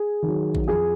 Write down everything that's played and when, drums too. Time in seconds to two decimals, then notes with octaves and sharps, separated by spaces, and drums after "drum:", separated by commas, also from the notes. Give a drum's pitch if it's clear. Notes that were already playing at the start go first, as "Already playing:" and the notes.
Already playing: G#4
0.22 D#3
0.28 F#3
0.55 drum: kick A1
0.68 F2 G#4